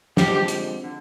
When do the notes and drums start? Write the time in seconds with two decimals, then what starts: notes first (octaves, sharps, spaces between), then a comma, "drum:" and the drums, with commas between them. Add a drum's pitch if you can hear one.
0.17 D3 F3 G#3 C4 G4, drum: snare
0.48 drum: hi-hat
0.84 D3